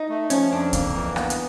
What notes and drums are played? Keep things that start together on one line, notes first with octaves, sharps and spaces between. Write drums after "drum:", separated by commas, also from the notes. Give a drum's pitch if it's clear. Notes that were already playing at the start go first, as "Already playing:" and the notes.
Already playing: D#4
A3
F3 C#4, drum: hi-hat
F2 D4
A#3, drum: kick C2, hi-hat
E3
B3, drum: rim click
drum: hi-hat